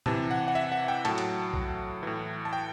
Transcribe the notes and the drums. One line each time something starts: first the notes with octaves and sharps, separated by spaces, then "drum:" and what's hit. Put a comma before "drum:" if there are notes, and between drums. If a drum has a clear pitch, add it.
C3 E3 A5, drum: tom A2
F#5
F#5
E5
F#5
G5
A2 F#3 A5, drum: cymbal
drum: cymbal
drum: kick A#1
A2 E3
A5
G5